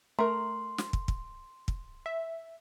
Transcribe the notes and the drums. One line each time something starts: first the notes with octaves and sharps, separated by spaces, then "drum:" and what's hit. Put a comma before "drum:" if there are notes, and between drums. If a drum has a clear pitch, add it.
A3 A#4 A#5 C6
drum: snare
drum: kick
drum: kick
drum: kick
E5